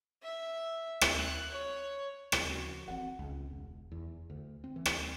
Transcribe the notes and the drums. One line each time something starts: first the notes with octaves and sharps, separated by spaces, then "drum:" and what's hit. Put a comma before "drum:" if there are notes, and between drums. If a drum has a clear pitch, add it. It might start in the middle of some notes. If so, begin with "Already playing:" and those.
E5
drum: rim click
F#6
C#5
C#3 F3, drum: rim click
F#4
E3 C4 F#5
C#2
E1
E2
D2
C4
E3
drum: rim click